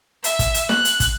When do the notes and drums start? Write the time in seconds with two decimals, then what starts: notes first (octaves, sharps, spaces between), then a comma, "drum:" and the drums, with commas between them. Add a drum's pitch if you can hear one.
0.24 E5, drum: hi-hat
0.39 drum: kick, hi-hat
0.54 drum: hi-hat
0.69 F#6, drum: snare
0.85 drum: hi-hat
1.00 drum: kick, hi-hat